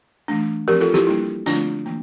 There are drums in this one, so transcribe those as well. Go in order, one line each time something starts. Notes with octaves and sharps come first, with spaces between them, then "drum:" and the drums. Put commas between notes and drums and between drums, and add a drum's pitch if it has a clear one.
E3 A3 D4
F3 C4 G4 A#4
F4 A4
E4 G4, drum: snare
G3 A#3 D4 E4
D3 F3 A3 C4 D4 F4, drum: hi-hat
E3 A#3 D4